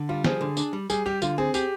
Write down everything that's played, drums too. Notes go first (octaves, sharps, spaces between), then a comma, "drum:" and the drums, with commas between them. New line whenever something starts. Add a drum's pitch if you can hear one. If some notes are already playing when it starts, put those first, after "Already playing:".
Already playing: D3
G3 F4
F3 G#4, drum: snare
D3
D4, drum: tambourine
G3
G3 G#4, drum: tambourine
G3 G4
D3 F4, drum: tambourine
C4 G#4
G4 G#4, drum: tambourine